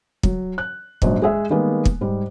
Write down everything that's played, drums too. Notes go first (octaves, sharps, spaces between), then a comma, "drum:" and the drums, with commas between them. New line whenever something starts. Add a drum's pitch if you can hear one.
F#3, drum: kick
F#6
A#1 G#2 F#3, drum: kick
G#3 G#4 E5
D#3 G3 G#3 A#3 B3
drum: kick
G#2 G3